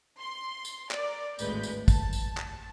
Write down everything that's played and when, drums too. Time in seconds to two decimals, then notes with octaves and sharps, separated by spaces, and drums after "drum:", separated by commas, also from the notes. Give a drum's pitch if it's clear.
0.19 C6
0.65 drum: tambourine
0.91 A#4 D5, drum: clap
1.39 G#1 D2 A2 G#3 B4 G6, drum: tambourine
1.63 drum: tambourine
1.88 A5, drum: kick, tambourine
2.13 drum: tambourine
2.37 drum: clap